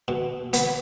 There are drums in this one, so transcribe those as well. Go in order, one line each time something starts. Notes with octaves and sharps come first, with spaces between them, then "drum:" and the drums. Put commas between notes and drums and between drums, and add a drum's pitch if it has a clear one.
B2
B3, drum: hi-hat